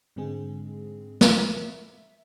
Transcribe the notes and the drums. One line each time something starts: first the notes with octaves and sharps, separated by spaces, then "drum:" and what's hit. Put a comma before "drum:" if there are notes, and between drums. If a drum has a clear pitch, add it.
G#2 D3 G#3 C4 G#4
E5, drum: snare